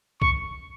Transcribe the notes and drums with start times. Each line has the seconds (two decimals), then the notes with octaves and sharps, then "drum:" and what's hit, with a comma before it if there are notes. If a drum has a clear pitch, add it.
0.22 C#6, drum: kick